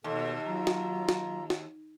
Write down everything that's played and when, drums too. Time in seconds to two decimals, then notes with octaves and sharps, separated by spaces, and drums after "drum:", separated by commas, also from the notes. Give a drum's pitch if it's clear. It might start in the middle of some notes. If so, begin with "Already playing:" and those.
0.04 D#2 B2 A4
0.46 F#3 F4 A#5
0.67 drum: snare
1.09 drum: snare
1.50 drum: snare